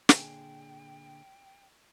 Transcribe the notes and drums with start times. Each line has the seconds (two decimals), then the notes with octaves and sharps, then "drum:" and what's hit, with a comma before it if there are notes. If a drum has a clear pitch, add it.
0.09 A#2 D3 G#4 G5, drum: snare